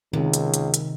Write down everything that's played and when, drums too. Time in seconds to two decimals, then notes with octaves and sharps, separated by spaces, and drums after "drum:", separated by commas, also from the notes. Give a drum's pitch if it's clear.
0.13 C#2 C3 D#3
0.34 drum: hi-hat
0.54 drum: hi-hat
0.74 drum: hi-hat